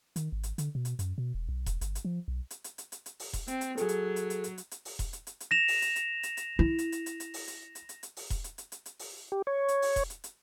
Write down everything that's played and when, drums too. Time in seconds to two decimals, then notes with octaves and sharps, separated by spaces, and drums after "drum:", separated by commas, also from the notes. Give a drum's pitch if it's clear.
0.16 D#3, drum: hi-hat
0.32 G#1
0.43 drum: hi-hat
0.58 D3, drum: hi-hat
0.75 B2
0.85 drum: hi-hat
0.99 F#2, drum: hi-hat
1.18 B2
1.35 E1
1.49 B1
1.66 E1, drum: kick E1, hi-hat
1.81 G1, drum: hi-hat
1.95 drum: hi-hat
2.05 F3
2.28 B1
2.50 drum: hi-hat
2.64 drum: hi-hat
2.78 drum: hi-hat
2.92 drum: hi-hat
3.06 drum: hi-hat
3.20 drum: open hi-hat
3.33 drum: kick E1, hi-hat
3.47 C4, drum: hi-hat
3.61 drum: hi-hat
3.77 F#3 G#4 A4, drum: hi-hat
3.89 drum: hi-hat
4.16 drum: hi-hat
4.30 drum: hi-hat
4.44 drum: hi-hat
4.58 drum: hi-hat
4.71 drum: hi-hat
4.85 drum: open hi-hat
4.99 drum: kick E1, hi-hat
5.13 drum: hi-hat
5.27 drum: hi-hat
5.40 drum: hi-hat
5.51 A#6 E7 F7
5.68 drum: open hi-hat
5.82 drum: hi-hat
5.96 drum: hi-hat
6.23 drum: hi-hat
6.37 drum: hi-hat
6.59 E4
6.78 drum: hi-hat
6.92 drum: hi-hat
7.06 drum: hi-hat
7.20 drum: hi-hat
7.34 drum: open hi-hat
7.48 drum: hi-hat
7.75 drum: hi-hat
7.89 drum: hi-hat
8.03 drum: hi-hat
8.17 drum: open hi-hat
8.30 drum: kick E1, hi-hat
8.44 drum: hi-hat
8.58 drum: hi-hat
8.72 drum: hi-hat
8.86 drum: hi-hat
8.99 drum: open hi-hat
9.32 G4
9.47 C#5
9.68 drum: hi-hat
9.82 drum: open hi-hat
9.96 drum: kick E1, hi-hat
10.10 drum: hi-hat
10.24 drum: hi-hat